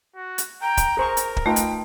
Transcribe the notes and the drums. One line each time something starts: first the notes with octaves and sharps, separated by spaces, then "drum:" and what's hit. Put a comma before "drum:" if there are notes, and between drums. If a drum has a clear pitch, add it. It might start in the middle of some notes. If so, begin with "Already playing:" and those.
F#4
drum: hi-hat
G5 A#5
drum: kick, hi-hat
G#4 A#4 C5 C#6
drum: hi-hat
drum: kick
A3 D#4 F4 B4 G5
drum: hi-hat